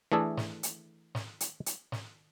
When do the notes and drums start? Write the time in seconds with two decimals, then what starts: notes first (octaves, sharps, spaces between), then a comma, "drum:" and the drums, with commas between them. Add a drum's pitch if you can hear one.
0.12 E3 A3 D4 G#4 A4
0.37 drum: snare
0.63 drum: hi-hat
1.15 drum: snare
1.40 drum: hi-hat
1.66 drum: hi-hat
1.92 drum: snare